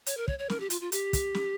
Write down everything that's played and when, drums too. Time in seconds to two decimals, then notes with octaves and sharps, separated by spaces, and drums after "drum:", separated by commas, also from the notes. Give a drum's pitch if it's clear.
0.06 C#5, drum: hi-hat
0.17 A#4
0.28 C#5, drum: kick
0.39 C#5
0.50 A#4, drum: snare
0.60 G4
0.70 F4, drum: hi-hat
0.81 F4
0.92 G4, drum: hi-hat
1.13 drum: kick, hi-hat
1.35 drum: snare